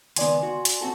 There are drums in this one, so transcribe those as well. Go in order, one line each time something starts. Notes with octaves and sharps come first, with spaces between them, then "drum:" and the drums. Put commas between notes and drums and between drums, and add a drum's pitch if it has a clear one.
C#2 D#3 B3 D5 G#5 C6, drum: hi-hat
F#4
drum: hi-hat
C4 F#4 A4